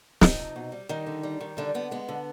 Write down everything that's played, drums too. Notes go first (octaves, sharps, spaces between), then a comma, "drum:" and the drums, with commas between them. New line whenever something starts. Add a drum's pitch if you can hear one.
D#3 F3 D#4, drum: snare
C3
B2
G3
D#3 G3 D#4
D3
G3
D#3
D3 G3 D4
D3 B3
G#3 B3
D3